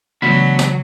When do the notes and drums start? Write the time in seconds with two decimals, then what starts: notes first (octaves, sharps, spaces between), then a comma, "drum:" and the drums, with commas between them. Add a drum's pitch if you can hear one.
0.22 C#3 E3 F#3 A3 B3 D4 F#4 B5
0.59 drum: snare